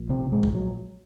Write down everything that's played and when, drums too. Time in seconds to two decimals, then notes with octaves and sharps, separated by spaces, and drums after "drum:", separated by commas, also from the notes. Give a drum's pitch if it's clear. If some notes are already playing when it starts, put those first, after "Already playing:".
Already playing: A#1 A#2
0.09 C3 C4
0.32 G#2 G#3
0.43 drum: kick A#1
0.55 F#3